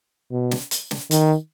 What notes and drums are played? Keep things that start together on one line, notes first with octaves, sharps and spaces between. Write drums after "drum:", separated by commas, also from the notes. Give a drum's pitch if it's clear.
B2
drum: snare
drum: hi-hat
drum: snare
D#3, drum: hi-hat